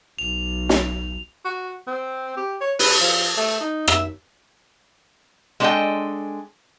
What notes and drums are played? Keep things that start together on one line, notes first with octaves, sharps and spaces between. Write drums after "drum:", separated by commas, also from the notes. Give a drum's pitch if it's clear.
B1 F7
drum: snare
F#4
C4
G4
C#5
B4, drum: open hi-hat
F3
A3
D#4
E5, drum: rim click
G#3 D4 A4 D5 D#5 G5